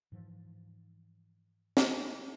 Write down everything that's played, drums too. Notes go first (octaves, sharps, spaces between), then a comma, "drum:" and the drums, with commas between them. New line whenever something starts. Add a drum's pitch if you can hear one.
G#2 E3 F3
drum: snare